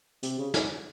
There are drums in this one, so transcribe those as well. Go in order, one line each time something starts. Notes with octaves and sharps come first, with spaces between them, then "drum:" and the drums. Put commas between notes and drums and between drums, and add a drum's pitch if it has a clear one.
C3, drum: hi-hat
C#3
drum: snare